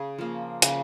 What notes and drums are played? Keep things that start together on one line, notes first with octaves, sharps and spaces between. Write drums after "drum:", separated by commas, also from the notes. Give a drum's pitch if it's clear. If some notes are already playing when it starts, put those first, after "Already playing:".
Already playing: C#3 G#4
F3 A#3
C#3, drum: hi-hat